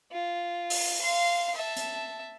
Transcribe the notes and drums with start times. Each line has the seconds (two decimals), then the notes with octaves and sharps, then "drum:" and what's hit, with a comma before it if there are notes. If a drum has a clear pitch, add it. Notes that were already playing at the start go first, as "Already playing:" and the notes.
0.11 F4
0.70 drum: open hi-hat
1.01 F5 C6
1.55 E5 A5
1.77 drum: hi-hat